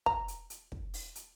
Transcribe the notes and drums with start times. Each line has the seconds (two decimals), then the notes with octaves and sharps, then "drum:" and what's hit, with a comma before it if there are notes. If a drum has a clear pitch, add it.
0.06 A#5, drum: kick
0.28 drum: hi-hat
0.50 drum: hi-hat
0.72 drum: kick
0.94 drum: open hi-hat
1.15 drum: hi-hat